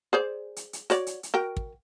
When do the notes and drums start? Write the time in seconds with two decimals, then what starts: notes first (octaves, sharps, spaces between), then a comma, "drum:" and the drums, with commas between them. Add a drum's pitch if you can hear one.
0.13 G#4 C5 D5
0.56 drum: hi-hat
0.73 drum: hi-hat
0.90 F#4 C#5 D5, drum: hi-hat
1.07 drum: hi-hat
1.23 drum: hi-hat
1.34 F#4 A#4 G5
1.57 drum: kick